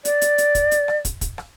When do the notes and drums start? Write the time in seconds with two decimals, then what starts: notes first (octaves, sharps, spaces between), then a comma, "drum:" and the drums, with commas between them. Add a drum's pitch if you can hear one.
0.05 D5, drum: hi-hat
0.21 drum: hi-hat
0.38 drum: hi-hat
0.55 drum: kick, hi-hat
0.71 drum: hi-hat
0.88 drum: rim click
1.05 drum: kick, hi-hat
1.21 drum: kick, hi-hat
1.38 drum: rim click